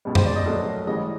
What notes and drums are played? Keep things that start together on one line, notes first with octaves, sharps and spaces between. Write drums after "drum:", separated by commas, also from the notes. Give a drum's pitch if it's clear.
C#2 B2 G3
C5, drum: tom F#2
D5
D#5
A#1 A#2 F#3 A3
A1 G#2 E3 G3 D#5